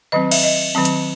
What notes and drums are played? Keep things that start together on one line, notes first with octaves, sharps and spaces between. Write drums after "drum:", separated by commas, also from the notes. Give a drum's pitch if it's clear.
D#3 F#3 C4 D#5
E5, drum: cymbal
D#5
D#3 F#3 C4
drum: hi-hat